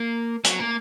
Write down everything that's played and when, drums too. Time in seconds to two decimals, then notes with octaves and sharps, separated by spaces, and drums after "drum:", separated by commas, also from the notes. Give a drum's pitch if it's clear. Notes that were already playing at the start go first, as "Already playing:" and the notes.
Already playing: A#3
0.44 F#3, drum: hi-hat
0.59 A#3